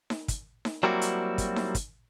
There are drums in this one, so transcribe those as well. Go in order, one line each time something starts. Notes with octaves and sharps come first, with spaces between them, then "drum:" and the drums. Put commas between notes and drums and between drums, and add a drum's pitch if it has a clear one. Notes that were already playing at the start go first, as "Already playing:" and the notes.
drum: snare D#4
drum: kick, hi-hat
drum: snare D#4
F#3 G3 A#3 C4 E4 F#4
drum: hi-hat
drum: kick, hi-hat
drum: snare D#4
drum: kick, hi-hat